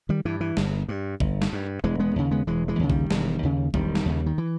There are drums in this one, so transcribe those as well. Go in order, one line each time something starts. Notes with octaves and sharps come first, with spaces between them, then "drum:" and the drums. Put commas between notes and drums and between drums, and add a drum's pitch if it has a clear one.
D#3 G3
G2 E3
E3
G1, drum: snare
G2
G1, drum: kick A#1
drum: snare
G2
E1 E3 G#3
G#3 B3
D#2 C#3
G#3 B3
E1 E3 G#3
E3 G#3
D#2 C#3
D#3 G3, drum: kick A#1
E1, drum: snare
D#2 C#3
E1 D#3 G3, drum: kick A#1
drum: snare
D#2 C#3
D#3
E3